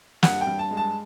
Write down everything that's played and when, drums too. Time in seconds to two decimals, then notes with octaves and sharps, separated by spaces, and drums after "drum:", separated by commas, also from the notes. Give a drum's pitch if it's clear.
0.23 G2 F#5, drum: snare
0.41 G5
0.47 G2
0.59 A5
0.71 G#3
0.77 A5